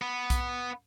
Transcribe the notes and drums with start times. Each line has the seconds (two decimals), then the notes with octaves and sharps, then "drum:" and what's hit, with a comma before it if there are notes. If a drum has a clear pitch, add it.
0.02 B3
0.30 drum: kick B1, hi-hat